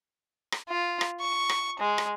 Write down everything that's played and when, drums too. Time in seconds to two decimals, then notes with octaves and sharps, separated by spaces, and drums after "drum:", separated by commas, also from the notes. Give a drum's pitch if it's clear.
0.52 drum: rim click
0.69 F4
1.01 drum: rim click
1.20 C#6
1.49 drum: rim click
1.79 G#3
1.98 drum: rim click